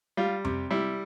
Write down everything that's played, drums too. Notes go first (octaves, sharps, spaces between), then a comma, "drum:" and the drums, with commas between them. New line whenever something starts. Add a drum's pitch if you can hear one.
G3 F4
C3, drum: tom F2
G3 E4